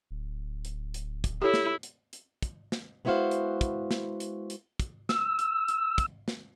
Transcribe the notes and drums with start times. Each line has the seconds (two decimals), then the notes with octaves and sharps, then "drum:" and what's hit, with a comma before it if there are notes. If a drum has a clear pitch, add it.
0.11 D1
0.65 drum: hi-hat
0.94 drum: hi-hat
1.24 drum: kick, hi-hat
1.42 E4 G4 A4 C#5
1.54 drum: snare
1.83 drum: hi-hat
2.13 drum: hi-hat
2.42 drum: kick, hi-hat
2.72 drum: snare
3.05 G#3 B3 E4 F#4 C5 F5
3.31 drum: hi-hat
3.61 drum: kick, hi-hat
3.91 drum: snare
4.20 drum: hi-hat
4.50 drum: hi-hat
4.80 drum: kick, hi-hat
5.09 E6, drum: snare
5.39 drum: hi-hat
5.68 drum: hi-hat
5.98 drum: kick, hi-hat
6.28 drum: snare